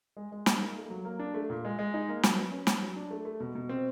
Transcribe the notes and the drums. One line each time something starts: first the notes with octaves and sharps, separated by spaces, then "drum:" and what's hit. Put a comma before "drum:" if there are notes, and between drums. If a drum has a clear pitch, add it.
G#3
G#3
D#4, drum: snare
A#3
A3
F#3
A#3
D4
A3
A#2
G#3
G#3
D#4
A#3
F#3, drum: snare
B3
C#4
C#4, drum: snare
F#3
D4
A3
A3
B2
B2
C4